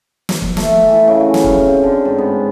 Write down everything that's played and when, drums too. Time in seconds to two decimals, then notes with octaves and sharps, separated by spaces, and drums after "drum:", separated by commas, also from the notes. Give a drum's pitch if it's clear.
0.29 drum: snare
0.42 drum: kick
0.57 A3, drum: snare
0.86 E3
1.08 C#3
1.20 F#4
1.34 drum: snare
1.44 F5, drum: kick
1.66 C4
1.84 D3
2.05 G#2
2.18 B3